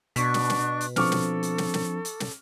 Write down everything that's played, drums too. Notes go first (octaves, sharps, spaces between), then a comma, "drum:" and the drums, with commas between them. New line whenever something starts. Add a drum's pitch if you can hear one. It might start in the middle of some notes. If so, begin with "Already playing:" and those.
B2 D4 C#6 F#6 B6, drum: hi-hat
drum: snare
drum: snare
drum: hi-hat
F3 C4 D4 A4 C#6 D6 F6, drum: snare
drum: snare
drum: hi-hat
drum: snare
drum: snare
drum: hi-hat
drum: snare